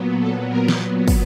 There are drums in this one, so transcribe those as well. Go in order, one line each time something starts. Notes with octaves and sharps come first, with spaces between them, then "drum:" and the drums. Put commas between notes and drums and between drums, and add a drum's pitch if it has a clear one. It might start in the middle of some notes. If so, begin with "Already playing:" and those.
Already playing: A#2 F#3 B3
A4
A#4
drum: snare
drum: kick, open hi-hat